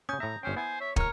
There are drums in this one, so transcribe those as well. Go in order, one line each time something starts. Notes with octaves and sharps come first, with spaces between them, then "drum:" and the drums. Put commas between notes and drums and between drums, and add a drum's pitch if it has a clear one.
C#3 C#4 D#6 G6
A2 E5 A#5
G1 C#4 C5 G5
B3 E4 C5 G#5
C#5 E5
C#2 A#4 C#5 A#5 F6, drum: kick